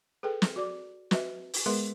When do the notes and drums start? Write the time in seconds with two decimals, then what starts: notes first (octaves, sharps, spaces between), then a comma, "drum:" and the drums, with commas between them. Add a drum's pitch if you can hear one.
0.23 G#4 A4 B4 G5
0.42 drum: snare
0.56 F#4 D5 D6
1.11 F#4 B4 D#5 E5, drum: snare
1.54 drum: open hi-hat
1.66 G#3 B3 G#4 A#4 B4 C6